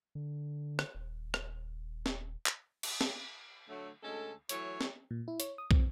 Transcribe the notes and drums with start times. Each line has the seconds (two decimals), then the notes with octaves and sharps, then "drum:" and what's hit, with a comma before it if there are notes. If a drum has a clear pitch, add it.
0.15 D3
0.79 drum: rim click
0.95 D#1
1.34 drum: rim click
2.06 drum: snare
2.46 drum: clap
2.83 drum: cymbal
3.01 drum: snare
3.69 D3 F#3 A3
4.03 D2 G#3 C#4 A4
4.49 E3 F#3 A3 C#5, drum: hi-hat
4.81 drum: snare
5.11 A#2
5.28 E4
5.40 C#5, drum: hi-hat
5.58 D#6
5.71 C4, drum: kick